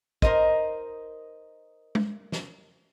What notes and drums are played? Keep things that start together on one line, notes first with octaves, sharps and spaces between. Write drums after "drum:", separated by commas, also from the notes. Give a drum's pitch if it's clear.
D#4 A#4 C5 D#5, drum: kick
drum: tom G#3
drum: snare